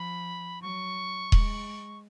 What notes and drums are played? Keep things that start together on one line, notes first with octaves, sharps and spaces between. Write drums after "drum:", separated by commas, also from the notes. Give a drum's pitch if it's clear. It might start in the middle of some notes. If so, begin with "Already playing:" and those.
Already playing: F3 B5
F#3 C#6
G#3, drum: kick D#1